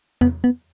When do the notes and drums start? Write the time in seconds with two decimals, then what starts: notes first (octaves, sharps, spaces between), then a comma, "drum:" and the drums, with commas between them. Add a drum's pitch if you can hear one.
0.21 B3, drum: tom E2
0.44 B3